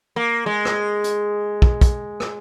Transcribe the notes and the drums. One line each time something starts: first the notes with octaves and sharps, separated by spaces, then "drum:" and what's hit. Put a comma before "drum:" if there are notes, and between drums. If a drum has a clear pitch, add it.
A#3
G#3
drum: rim click
drum: hi-hat
drum: kick
drum: kick, hi-hat
drum: rim click